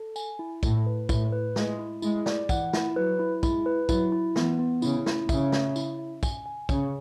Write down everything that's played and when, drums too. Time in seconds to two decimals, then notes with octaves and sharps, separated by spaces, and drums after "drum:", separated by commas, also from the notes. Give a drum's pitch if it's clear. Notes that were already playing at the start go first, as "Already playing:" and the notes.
Already playing: A4
0.16 G#5, drum: tambourine
0.39 E4
0.63 A2 E4, drum: kick, tambourine
0.86 B4
1.09 A2 E4, drum: kick, tambourine
1.32 B4
1.56 G#3 E4, drum: snare
1.79 E4
2.02 G#3 E4, drum: tambourine
2.26 D5, drum: snare
2.49 E3 F#5, drum: kick, tambourine
2.73 E4, drum: snare
2.96 F#3 B4
3.19 E4
3.43 G#3 E4, drum: kick, tambourine
3.66 B4
3.89 F#3 E4, drum: kick, tambourine
4.12 E4
4.36 E3 B3, drum: snare
4.59 B3
4.82 C#3 E4, drum: tambourine
5.06 E4, drum: snare
5.29 C#3 E5, drum: kick, tambourine
5.52 E5, drum: snare
5.76 E4, drum: tambourine
5.99 E5
6.23 G#5, drum: kick, tambourine
6.46 G#5
6.69 C#3 C#5, drum: kick, tambourine